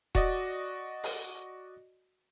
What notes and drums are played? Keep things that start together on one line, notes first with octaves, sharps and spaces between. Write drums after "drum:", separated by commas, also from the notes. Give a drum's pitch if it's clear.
F#4 D5 D#5, drum: kick D#1
drum: open hi-hat